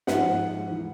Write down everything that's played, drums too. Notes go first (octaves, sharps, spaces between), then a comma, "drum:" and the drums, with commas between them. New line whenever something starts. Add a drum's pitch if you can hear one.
G#2 F3 F#5, drum: snare
E3